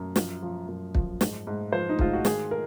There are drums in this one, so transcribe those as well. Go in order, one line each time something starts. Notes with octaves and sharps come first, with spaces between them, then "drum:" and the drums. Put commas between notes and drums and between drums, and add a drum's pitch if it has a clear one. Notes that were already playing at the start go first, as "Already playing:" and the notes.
Already playing: F#2
F3, drum: snare
F3
F#2
F3, drum: kick
G#2, drum: snare
G#2
F3 C5
D#4
G#2 F4, drum: kick
F#4
D#3 G#4, drum: snare
A#4